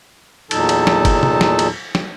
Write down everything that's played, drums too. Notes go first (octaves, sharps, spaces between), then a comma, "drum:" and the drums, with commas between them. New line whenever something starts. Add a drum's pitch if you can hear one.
E2 A#2 F#3 D#4 A4 A5, drum: cymbal
drum: cymbal
drum: snare
drum: kick F#1, cymbal
drum: tom
drum: snare
drum: cymbal
drum: snare